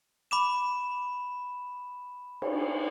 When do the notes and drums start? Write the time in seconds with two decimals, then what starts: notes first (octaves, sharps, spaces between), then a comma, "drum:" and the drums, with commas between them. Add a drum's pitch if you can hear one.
0.31 B5 D6 E7
2.42 drum: cymbal